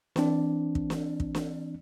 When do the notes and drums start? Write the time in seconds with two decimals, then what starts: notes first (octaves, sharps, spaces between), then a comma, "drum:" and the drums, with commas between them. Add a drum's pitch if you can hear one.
0.16 E3 C4 D4, drum: snare
0.75 drum: kick
0.90 drum: snare
1.20 drum: kick
1.35 drum: snare